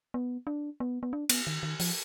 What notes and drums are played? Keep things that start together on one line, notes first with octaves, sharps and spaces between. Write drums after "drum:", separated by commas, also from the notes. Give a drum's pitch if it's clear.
B3
D4
B3
B3
D4
B3, drum: cymbal
D#3
D#3
F3, drum: open hi-hat